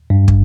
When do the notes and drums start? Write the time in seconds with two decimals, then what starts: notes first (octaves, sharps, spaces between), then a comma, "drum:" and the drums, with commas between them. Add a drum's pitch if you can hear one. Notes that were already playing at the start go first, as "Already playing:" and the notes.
0.10 G2
0.28 drum: kick